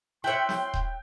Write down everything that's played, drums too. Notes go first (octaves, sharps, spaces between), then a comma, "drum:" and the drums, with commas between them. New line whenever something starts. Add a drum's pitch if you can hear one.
E4 C#5 G5 C6 F#6 G6
drum: snare
drum: kick D#1